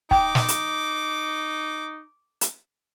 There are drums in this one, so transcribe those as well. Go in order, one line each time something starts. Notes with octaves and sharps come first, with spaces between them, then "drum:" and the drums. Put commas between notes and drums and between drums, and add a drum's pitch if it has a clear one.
D#4 G5 D6, drum: kick
drum: snare
drum: hi-hat
drum: hi-hat